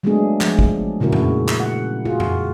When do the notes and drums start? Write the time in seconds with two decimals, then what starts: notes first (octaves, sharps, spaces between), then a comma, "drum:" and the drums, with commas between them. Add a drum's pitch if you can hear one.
0.03 F#3 G#3 A3 B3 D4 G#4
0.41 F3, drum: clap
0.59 drum: kick
1.00 A#2 C#3 E4 F#4 A#4
1.12 drum: tom F2
1.48 drum: clap
1.60 F#5
2.05 F4 F#4 G#4
2.20 drum: tom F2